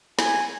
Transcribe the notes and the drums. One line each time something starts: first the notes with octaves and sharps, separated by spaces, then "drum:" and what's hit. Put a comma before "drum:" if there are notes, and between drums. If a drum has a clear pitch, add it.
G#5, drum: snare